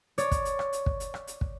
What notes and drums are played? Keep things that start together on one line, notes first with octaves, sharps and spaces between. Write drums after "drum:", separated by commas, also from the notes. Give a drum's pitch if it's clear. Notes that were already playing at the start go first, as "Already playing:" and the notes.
C#5 D5, drum: hi-hat
drum: kick, hi-hat
drum: hi-hat
drum: rim click
drum: hi-hat
drum: kick
drum: hi-hat
drum: rim click
drum: hi-hat
drum: kick